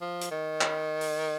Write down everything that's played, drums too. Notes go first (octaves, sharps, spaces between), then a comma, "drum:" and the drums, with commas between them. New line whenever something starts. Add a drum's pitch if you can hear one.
F3
drum: hi-hat
D#3
drum: clap
drum: open hi-hat